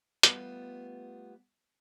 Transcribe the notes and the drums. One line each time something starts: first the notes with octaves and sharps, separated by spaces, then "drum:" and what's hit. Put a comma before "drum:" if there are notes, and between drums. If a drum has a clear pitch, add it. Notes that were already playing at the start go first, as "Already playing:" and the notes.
G3 A3 B3 F4, drum: hi-hat